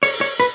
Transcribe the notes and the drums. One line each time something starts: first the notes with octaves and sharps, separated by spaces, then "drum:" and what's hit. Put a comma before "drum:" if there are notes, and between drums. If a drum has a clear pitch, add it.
C#5, drum: open hi-hat
C#5
B4, drum: hi-hat